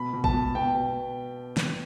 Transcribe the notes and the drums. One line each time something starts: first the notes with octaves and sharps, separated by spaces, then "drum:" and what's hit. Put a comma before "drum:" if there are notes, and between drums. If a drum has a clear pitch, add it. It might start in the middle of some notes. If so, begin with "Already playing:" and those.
Already playing: B2 B5
B2
A5, drum: kick
B2
B2 G5
B2
drum: snare